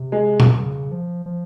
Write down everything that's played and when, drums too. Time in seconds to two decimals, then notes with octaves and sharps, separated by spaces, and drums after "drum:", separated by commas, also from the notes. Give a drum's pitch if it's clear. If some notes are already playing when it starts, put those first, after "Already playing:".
Already playing: C3
0.12 G#3
0.40 drum: tom B2
0.58 C#3
0.92 F3
1.26 F3